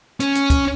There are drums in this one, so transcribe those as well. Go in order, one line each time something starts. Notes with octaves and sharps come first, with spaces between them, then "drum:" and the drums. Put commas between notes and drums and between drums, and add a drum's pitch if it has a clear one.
C#4, drum: hi-hat
drum: hi-hat
drum: kick, hi-hat